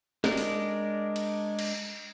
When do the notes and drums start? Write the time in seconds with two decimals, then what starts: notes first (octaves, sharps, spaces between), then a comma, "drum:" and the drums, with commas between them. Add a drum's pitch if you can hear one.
0.24 G#3 D4 A#4, drum: snare
0.37 drum: open hi-hat
1.16 drum: cymbal
1.59 drum: cymbal